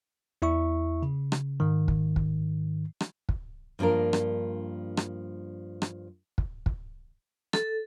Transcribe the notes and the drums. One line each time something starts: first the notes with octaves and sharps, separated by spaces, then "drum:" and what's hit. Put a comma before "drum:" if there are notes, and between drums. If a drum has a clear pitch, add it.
E2 E4 E5 C#6
C#3
drum: rim click
G#2 D#3
drum: kick
drum: kick
drum: rim click
drum: kick
G2 F3 A#3 D4 A#4
drum: rim click
drum: rim click
drum: rim click
drum: kick
drum: kick
A4, drum: rim click